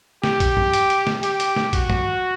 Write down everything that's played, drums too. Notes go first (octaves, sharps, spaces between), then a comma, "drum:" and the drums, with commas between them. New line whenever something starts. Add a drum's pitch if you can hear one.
G4, drum: snare
drum: kick, hi-hat
drum: tom
drum: hi-hat
drum: hi-hat
drum: snare
G4, drum: hi-hat
drum: hi-hat
drum: snare
F#4, drum: kick, hi-hat
drum: tom